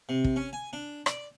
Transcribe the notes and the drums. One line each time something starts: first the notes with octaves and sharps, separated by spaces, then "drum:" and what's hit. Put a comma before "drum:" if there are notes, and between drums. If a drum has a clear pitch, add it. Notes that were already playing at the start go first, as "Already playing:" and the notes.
C3
drum: kick
C#4
G#5
D4
D5, drum: rim click